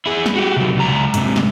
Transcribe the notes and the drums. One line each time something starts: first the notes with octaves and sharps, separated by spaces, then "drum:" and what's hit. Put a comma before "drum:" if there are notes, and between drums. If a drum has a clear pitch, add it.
E4 G#4
drum: snare
F#4 G4
C3 F#3
C#2 A#5
G#2 C3, drum: hi-hat
drum: snare